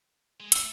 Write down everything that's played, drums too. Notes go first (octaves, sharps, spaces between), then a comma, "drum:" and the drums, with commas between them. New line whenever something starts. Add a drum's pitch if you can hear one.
G#3
A3 E6, drum: hi-hat